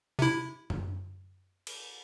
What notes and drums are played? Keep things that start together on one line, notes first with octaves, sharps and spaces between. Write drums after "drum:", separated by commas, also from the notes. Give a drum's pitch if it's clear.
C3 E4
drum: tom F#2
drum: cymbal